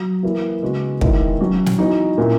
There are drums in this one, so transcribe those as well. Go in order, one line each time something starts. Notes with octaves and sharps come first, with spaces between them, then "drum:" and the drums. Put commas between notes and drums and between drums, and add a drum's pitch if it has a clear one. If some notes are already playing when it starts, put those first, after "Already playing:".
Already playing: F#3
E3 A#3 E4
C#3 G#3 B3 F#4
D#3 G#3 B3 E4, drum: kick
F#3 C#4 F#4
drum: snare
E3 B3 D#4 F#4
A#2 A#3 C#4 E4